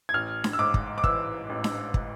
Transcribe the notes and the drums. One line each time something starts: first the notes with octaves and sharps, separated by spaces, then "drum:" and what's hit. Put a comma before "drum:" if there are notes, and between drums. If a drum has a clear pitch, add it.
G#6
A1 F6
drum: snare D4
E6
G#2 D6
drum: kick
D6
E3 E6, drum: kick
A1
drum: snare D4
drum: kick